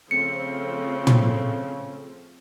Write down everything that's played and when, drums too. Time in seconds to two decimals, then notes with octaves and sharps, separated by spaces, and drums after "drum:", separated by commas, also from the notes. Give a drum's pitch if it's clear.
0.11 C#3 F3 A3 C4 C#7
1.07 drum: tom